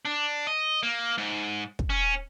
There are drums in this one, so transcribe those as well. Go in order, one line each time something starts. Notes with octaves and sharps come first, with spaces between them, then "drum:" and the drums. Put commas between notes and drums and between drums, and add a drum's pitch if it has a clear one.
D4
D#5
A#3
G#2
drum: kick
C#4